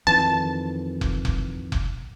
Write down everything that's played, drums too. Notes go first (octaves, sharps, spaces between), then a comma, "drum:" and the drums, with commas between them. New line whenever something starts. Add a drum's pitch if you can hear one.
F2 D#3 E3 A5
drum: kick F1
drum: kick F1
drum: kick F1